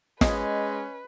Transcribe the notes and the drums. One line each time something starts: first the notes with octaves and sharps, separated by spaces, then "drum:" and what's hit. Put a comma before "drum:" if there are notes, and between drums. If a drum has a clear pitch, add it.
G#3 C#4 B4 D#5, drum: snare